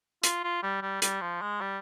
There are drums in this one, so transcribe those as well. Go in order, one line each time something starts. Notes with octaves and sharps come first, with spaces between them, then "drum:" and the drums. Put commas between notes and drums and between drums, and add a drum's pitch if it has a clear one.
F4, drum: hi-hat
F4
G3
G3
G3, drum: hi-hat
F3
G#3
G3